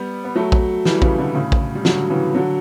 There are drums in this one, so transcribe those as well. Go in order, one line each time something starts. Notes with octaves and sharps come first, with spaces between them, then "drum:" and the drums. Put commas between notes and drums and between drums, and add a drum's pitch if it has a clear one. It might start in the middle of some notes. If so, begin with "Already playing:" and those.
Already playing: G3 B3
B3
F#3 A3
drum: kick A#1
E3 G3, drum: snare
C#3 E3, drum: kick A#1
B2 D3
A2 C#3
drum: kick A#1
G3
D3 F#3, drum: snare
C#3 E3
D3 F#3